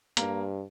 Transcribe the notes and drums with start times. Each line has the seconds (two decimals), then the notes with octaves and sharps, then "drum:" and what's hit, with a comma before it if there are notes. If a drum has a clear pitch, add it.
0.17 G2 A#3, drum: hi-hat